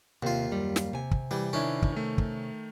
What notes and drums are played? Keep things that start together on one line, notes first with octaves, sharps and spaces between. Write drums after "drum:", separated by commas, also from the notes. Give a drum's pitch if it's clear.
D#2 C3 F4
F#2 G3
drum: snare
C3 G#5
drum: kick
E3 G3
D#3 C#4 D4 E4
drum: kick
D#3 A3
drum: kick